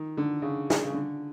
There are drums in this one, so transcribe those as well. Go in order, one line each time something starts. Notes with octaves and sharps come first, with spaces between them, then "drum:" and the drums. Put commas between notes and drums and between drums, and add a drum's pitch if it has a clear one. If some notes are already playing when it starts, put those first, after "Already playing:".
Already playing: D#3
D3
C#3
drum: snare
C#3
D3